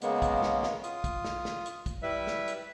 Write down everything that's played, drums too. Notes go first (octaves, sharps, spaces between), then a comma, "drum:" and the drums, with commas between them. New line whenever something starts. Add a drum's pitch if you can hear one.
C#3 G#3 A#3 B3, drum: hi-hat
drum: kick, hi-hat
drum: snare
drum: snare
F4 D#6, drum: hi-hat
drum: kick, hi-hat
drum: snare
drum: snare
drum: hi-hat
drum: kick, hi-hat
G3 E4 B4 E5
drum: snare
drum: hi-hat